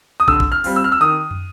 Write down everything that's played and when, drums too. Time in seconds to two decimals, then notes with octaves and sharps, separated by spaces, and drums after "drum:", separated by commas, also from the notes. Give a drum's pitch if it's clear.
0.20 D#6
0.28 D3 E6, drum: kick
0.40 drum: kick
0.52 F6
0.64 G3 C4 F4, drum: open hi-hat
0.76 E6
0.84 F6
0.92 E6
1.01 D#3 D#6
1.31 drum: tom